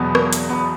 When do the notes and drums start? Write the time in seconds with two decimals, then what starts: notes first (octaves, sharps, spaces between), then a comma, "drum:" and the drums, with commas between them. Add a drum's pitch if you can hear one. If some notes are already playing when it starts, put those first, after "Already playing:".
Already playing: E1 E2 B2 F#3 B3
0.15 drum: rim click
0.33 drum: hi-hat
0.50 B3